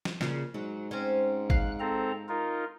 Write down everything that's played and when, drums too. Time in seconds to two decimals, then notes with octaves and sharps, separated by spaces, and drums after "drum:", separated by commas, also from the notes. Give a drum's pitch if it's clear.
0.05 drum: snare
0.21 A#2 C#3, drum: snare
0.54 G#2 F#3
0.91 C4 C#4
1.50 F5 F#6, drum: kick
1.80 C4 A4 A#5
2.29 D#4 F4 A#4